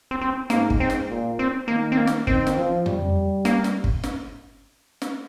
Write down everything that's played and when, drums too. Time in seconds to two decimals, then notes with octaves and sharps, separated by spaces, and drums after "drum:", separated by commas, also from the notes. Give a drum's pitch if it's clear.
0.11 C4
0.21 C4
0.50 G#2 A#3, drum: snare
0.70 drum: kick
0.80 C4
0.90 drum: snare
1.10 A#2
1.39 C4
1.68 D#3 A#3
1.92 C4
1.98 A#3
2.07 drum: snare
2.27 D#3 C4, drum: kick
2.47 drum: snare
2.57 F3
2.86 G3, drum: tom F2
3.45 A#3, drum: snare
3.64 drum: snare
3.84 drum: kick
4.04 drum: snare
5.02 drum: snare